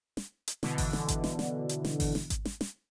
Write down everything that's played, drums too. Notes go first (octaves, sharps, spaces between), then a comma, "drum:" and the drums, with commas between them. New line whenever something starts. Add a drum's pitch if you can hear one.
drum: snare
drum: hi-hat
B2 D3 E3, drum: snare
drum: kick G#1, open hi-hat
drum: snare
drum: kick G#1, hi-hat
drum: snare
drum: snare
drum: hi-hat
drum: snare
drum: kick G#1, open hi-hat
drum: snare
drum: kick G#1, hi-hat
drum: snare
drum: snare